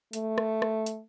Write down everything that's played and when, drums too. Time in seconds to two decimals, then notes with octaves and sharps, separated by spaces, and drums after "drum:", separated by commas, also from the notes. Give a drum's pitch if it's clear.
0.13 A3, drum: hi-hat
0.38 drum: rim click
0.62 drum: rim click
0.86 drum: hi-hat